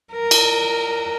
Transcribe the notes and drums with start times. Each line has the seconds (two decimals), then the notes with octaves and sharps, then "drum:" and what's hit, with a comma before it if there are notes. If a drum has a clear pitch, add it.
0.13 A#4
0.31 drum: cymbal